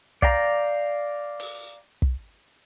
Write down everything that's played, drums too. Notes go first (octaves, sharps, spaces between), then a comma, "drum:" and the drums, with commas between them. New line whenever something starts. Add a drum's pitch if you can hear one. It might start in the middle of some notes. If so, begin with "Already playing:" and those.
D5 F5 G5 A#5, drum: kick
drum: open hi-hat
drum: kick